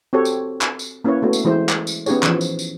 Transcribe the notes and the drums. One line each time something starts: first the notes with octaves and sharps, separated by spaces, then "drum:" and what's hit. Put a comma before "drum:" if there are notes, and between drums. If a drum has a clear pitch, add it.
C4 F#4 G4 A4 C#5
drum: tambourine
drum: clap
drum: tambourine
A#3 C#4 E4 B4 C#5
A3 B3 F#4
drum: tambourine
E3 G#3 E4 C5
drum: clap
drum: tambourine
B3 C#4 D#4 G4 G#4 C#5, drum: tambourine
E3 F3, drum: clap
drum: tambourine
drum: tambourine